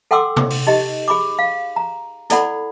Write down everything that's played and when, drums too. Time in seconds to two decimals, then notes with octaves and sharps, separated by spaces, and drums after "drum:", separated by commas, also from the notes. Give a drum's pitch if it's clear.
0.11 A4 F#5 G5 C6 D6 E6
0.36 drum: tom C3
0.50 drum: open hi-hat
0.67 D#4 G4 D#5
1.08 G#4 B5 C#6 D6
1.39 F5
1.76 A#5
2.30 E4 A4 D5 F#5 B5, drum: hi-hat